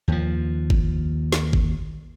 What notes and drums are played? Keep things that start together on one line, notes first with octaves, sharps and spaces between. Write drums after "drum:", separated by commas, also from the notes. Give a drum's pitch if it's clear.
D#2 F3
drum: kick
drum: snare
drum: kick